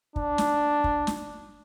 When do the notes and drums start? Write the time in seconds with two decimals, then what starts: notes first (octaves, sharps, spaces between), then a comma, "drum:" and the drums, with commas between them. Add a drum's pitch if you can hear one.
0.16 D4, drum: kick
0.38 drum: snare
0.84 drum: kick
1.07 drum: snare